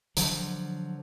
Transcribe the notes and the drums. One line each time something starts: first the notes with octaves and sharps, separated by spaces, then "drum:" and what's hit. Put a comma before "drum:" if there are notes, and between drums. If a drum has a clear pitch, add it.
D3 F3 F#3, drum: hi-hat